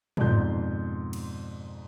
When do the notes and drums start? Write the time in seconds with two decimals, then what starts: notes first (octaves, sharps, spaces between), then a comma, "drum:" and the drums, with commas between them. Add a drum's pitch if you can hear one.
0.17 F2 G#2 B2 D5 C6 G6, drum: tom
1.13 drum: cymbal